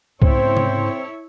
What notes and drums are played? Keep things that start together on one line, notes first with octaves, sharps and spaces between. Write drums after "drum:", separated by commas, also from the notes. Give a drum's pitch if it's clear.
G#2 C#3 B3 C4 E4 A4 C5 C#5, drum: kick
drum: tom C3